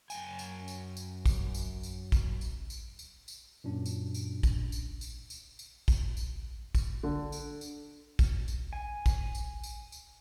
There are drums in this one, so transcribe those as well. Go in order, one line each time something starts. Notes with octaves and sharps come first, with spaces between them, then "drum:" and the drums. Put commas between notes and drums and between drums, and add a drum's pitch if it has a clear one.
F#2 G5 G#5, drum: tambourine
drum: tambourine
drum: tambourine
drum: tambourine
drum: kick, tambourine
drum: tambourine
drum: tambourine
drum: kick, tambourine
drum: tambourine
drum: tambourine
drum: tambourine
drum: tambourine
F#2 A#2 D4
drum: tambourine
drum: tambourine
drum: kick, tambourine
drum: tambourine
drum: tambourine
drum: tambourine
drum: tambourine
drum: kick, tambourine
drum: tambourine
drum: kick, tambourine
D3
drum: tambourine
drum: tambourine
drum: kick, tambourine
drum: tambourine
G#5
drum: kick, tambourine
drum: tambourine
drum: tambourine
drum: tambourine